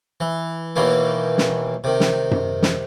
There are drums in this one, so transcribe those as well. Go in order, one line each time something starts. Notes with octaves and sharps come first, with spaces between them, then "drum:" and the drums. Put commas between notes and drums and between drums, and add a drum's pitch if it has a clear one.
E3
D#2 B2 D#3 E3 A#3
drum: snare
C3 D#3
drum: snare
drum: tom F#2
drum: snare